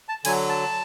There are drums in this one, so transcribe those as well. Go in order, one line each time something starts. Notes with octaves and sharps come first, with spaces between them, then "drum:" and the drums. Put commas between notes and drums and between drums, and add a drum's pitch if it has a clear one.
A5
D3 F#3 G#5, drum: cymbal
A5